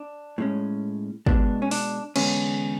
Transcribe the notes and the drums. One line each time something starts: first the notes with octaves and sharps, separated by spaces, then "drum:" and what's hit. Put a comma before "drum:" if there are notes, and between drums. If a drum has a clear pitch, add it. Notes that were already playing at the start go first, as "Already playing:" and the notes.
Already playing: D4
A2 G#3 C#4
B2 G#3 B3 D4, drum: kick
C#4
D4, drum: open hi-hat
E2 D3 G#3 B3 C#4, drum: cymbal